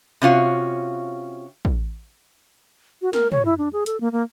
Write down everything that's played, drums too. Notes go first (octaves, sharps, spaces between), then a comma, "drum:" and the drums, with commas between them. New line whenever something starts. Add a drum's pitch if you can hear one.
C3 C#4 F4 F#4
drum: kick
F#4
A#4, drum: snare
C#5, drum: tom
E4
D4
G#4
A4, drum: hi-hat
A#3
A#3